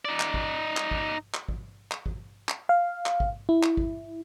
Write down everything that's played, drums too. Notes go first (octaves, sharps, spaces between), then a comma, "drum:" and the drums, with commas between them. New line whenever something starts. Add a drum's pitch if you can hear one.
D#4 D5
drum: clap
drum: kick G#1
drum: clap
drum: kick G#1
drum: clap
drum: kick G#1
drum: clap
drum: kick G#1
drum: clap
F5
drum: clap
drum: kick G#1
E4
drum: clap
drum: kick G#1